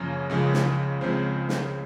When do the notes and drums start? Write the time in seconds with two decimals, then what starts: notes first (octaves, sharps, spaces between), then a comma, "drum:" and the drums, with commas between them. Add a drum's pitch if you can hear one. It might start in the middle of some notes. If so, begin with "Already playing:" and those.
Already playing: F#2 C#3 F3 A#3 C#4
0.30 C#2 C#3 F3 G#3 C#4
0.53 drum: snare
1.01 C#2 C#3 F3 G#3 C4 C#4 C5
1.49 drum: snare